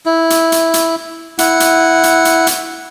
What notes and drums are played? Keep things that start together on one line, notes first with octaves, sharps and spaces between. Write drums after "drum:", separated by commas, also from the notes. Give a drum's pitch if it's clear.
E4
drum: hi-hat
drum: hi-hat
drum: hi-hat
E4 F#5, drum: hi-hat
drum: hi-hat
drum: hi-hat
drum: hi-hat
drum: hi-hat